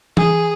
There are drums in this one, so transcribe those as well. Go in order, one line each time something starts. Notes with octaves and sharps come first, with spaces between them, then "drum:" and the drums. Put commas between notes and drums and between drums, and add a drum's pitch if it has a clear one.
G#4, drum: tom E3